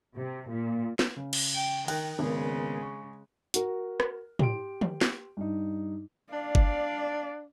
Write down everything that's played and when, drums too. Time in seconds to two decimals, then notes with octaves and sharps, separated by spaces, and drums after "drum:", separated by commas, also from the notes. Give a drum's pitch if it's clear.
0.16 C3
0.50 A#2
0.99 drum: snare
1.17 C#3
1.33 drum: cymbal
1.55 G5
1.88 D#3 A#4 G5 F#6, drum: cymbal
2.19 G#1 C#3 G#3 A#3 B3
2.83 C#6
3.54 F#4 A#4, drum: hi-hat
4.00 drum: rim click
4.39 G4 G5 C6 D7, drum: tom
4.81 drum: tom
5.01 drum: snare
5.37 G2 D#4
6.33 D4 D5 F5
6.55 drum: kick